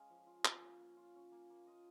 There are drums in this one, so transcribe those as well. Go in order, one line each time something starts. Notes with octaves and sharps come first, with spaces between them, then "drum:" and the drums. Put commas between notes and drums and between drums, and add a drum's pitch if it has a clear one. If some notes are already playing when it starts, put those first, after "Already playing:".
Already playing: G#3 C#4 F5
F3
F4
C#4, drum: clap
A#3
A#3
F4
C#4
A#3
A#3
F4 D#5